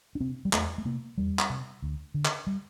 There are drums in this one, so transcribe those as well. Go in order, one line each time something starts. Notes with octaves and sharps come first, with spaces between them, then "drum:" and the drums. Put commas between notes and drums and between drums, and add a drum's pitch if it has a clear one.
D4
C3 C4
G3
E2 A3, drum: clap
A3
C3 A#3
E2 G3
drum: clap
C3
D2
D3
drum: clap
G3